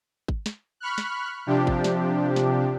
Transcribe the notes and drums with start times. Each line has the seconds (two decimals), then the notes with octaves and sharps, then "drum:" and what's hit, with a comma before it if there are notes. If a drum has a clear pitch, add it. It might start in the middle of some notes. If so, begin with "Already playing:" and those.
0.28 drum: kick G#1
0.46 drum: snare
0.80 B5 C#6 F6 F#6
0.98 drum: snare
1.46 C3 F3 D4 G4
1.67 drum: kick G#1
1.84 drum: snare
2.36 drum: snare